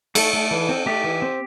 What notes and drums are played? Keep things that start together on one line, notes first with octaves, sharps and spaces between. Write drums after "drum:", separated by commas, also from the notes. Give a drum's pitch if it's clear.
A3 A4, drum: cymbal
A3
E3
C4
A3 G4
E3
C4